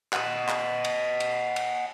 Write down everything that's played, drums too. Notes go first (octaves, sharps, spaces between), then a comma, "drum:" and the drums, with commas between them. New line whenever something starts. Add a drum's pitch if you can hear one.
D#5 F#5, drum: clap
drum: clap
drum: cymbal
drum: cymbal
drum: cymbal